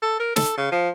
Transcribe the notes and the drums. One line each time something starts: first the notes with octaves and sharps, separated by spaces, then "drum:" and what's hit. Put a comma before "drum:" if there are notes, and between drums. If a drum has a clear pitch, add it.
A4
A#4
A4, drum: snare
C#3
F3